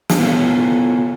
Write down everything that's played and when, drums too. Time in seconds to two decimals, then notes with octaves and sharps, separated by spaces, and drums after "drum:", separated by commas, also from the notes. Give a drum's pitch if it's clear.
0.09 drum: snare
0.19 B3 E4 F4 A4 C#5 F5